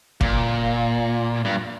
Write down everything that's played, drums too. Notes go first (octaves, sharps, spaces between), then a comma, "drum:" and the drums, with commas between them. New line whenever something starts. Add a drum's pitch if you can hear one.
A#2, drum: kick
G2